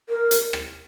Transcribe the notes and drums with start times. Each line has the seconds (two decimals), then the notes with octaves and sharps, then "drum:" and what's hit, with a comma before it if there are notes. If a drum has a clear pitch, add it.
0.09 A#4
0.31 drum: hi-hat
0.53 drum: rim click